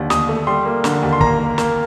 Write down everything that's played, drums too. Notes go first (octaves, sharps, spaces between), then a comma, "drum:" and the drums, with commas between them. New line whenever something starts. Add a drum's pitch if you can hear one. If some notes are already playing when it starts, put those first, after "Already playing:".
Already playing: D#2 D3
D#2 D#6, drum: snare
A3
G3 C6
A#3
D3, drum: snare
D#2
C6
A#3 A#5, drum: kick
A#3
A#3, drum: snare